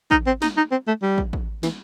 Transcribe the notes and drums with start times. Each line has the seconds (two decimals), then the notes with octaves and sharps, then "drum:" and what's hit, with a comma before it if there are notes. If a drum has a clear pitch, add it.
0.11 D#4, drum: kick
0.27 C4
0.42 D#4, drum: snare
0.57 D#4
0.71 C4
0.88 A3
1.02 G3
1.18 drum: kick
1.33 drum: kick
1.63 E3, drum: snare